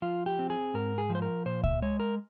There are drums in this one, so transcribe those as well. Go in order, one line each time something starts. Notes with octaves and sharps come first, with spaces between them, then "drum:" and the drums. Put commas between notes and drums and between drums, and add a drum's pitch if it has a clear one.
F3 F4
G4
C4
G#4
G#2 A#4
G#4
F3
C5
A#4
A#2 C5
E5, drum: kick C#2
G#3 C#5
A#4